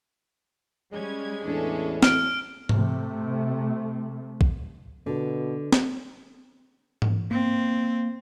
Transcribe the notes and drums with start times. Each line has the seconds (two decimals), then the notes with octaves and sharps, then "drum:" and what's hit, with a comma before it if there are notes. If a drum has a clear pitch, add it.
0.92 G3 G#3 C#4 G#6
1.45 E2 A2 E3 C#4 D4 A4
2.03 F6 D7, drum: snare
2.69 C3 A3, drum: tom G#2
4.41 drum: kick A#1
5.06 B2 D3
5.72 drum: snare
7.02 drum: tom G#2
7.31 A#3 C4